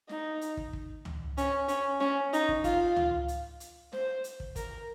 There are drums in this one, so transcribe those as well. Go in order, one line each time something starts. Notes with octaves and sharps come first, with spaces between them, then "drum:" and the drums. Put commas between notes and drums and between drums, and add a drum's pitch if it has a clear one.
D#4, drum: snare
drum: hi-hat
drum: kick
drum: kick
drum: tom C#2
C#4, drum: hi-hat
C#4, drum: hi-hat
C#4, drum: snare
D#4, drum: hi-hat
drum: kick
F4, drum: kick, hi-hat
drum: tom C#2
drum: hi-hat
drum: hi-hat
C5, drum: snare
drum: hi-hat
drum: kick
A#4, drum: kick, hi-hat